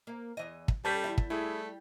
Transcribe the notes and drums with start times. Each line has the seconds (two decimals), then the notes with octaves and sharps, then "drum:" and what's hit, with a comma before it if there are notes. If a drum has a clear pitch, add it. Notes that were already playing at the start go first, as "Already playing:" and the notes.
0.07 A#3
0.37 E2 E3 D#5
0.68 drum: kick
0.85 G3 C#4 A4 B4 A5 G6 B6
1.04 E2 E4
1.18 drum: kick
1.30 G3 A3 E4 G#4